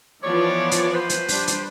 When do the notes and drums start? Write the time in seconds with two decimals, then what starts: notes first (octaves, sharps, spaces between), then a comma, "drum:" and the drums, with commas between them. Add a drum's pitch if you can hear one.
0.23 E3 F3 B3 C#5 D5
0.71 drum: hi-hat
0.93 B4 C5
1.09 drum: hi-hat
1.28 G3 D4, drum: open hi-hat
1.47 drum: hi-hat